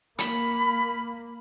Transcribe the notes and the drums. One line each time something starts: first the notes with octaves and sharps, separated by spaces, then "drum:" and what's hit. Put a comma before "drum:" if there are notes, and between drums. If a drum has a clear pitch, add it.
A#3 B5, drum: hi-hat